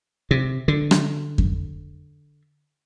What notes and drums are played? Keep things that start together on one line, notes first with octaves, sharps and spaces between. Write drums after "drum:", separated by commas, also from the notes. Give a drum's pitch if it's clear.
C3
D3
drum: rim click
drum: kick F2